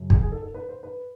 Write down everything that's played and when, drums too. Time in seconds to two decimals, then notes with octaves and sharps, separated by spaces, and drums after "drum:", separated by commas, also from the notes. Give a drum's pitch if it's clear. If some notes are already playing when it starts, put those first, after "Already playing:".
Already playing: F#2 C#3 F#3
0.10 G#4, drum: kick
0.21 G#4
0.32 A4
0.43 A4
0.54 B4
0.69 C5
0.83 B4